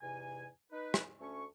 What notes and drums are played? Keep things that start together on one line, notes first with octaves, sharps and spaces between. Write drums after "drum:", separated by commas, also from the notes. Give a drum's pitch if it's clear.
E2 G#2 C3 G#5
D#4 B4
drum: rim click
D2 A3 C#4 C#6